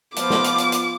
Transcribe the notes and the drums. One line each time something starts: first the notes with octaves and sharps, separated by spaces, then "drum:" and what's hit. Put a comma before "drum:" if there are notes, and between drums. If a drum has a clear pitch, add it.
F3 B3 F4 D6, drum: hi-hat
drum: snare
drum: hi-hat
drum: hi-hat
drum: hi-hat